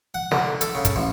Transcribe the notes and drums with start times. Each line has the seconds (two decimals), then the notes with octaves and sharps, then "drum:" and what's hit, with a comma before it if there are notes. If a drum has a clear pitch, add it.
0.14 F#5
0.31 D3, drum: snare
0.61 A4, drum: hi-hat
0.75 C#3
0.85 drum: kick, hi-hat
0.96 A1